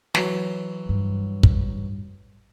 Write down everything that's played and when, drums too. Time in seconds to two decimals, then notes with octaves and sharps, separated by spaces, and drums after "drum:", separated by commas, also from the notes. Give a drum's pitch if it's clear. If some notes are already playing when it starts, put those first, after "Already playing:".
0.15 E3 F#3, drum: snare
0.89 G2
1.43 drum: kick